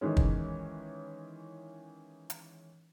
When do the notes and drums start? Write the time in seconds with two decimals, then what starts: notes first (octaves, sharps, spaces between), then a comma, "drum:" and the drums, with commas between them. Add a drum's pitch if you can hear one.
0.01 D#3 E3 G#3 C#4
0.17 drum: kick
2.30 drum: hi-hat